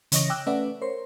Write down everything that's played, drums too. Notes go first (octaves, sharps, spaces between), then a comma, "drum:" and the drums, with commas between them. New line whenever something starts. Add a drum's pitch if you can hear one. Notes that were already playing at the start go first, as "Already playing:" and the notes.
C#3 E3 C#5 D#5 C#6 A#6, drum: hi-hat
G5 D6 E6 F#6
A3 C#4 B4 D5 E5 F#5
A#4 C5 C#5 C6